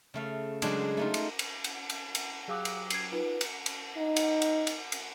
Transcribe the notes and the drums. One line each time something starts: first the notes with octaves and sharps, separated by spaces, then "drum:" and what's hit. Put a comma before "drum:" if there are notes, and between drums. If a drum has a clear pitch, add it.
C#3 A3 F5
C#3 F#3 G#3 D4 C5, drum: cymbal
A3 D#4 F4
drum: cymbal
drum: cymbal
drum: cymbal
drum: cymbal
drum: cymbal
F#3 G4 G#4 F5
drum: cymbal
G#6 C7, drum: cymbal
D#4 F4 B4
drum: cymbal
drum: cymbal
D#4
drum: cymbal
drum: cymbal
drum: cymbal
drum: cymbal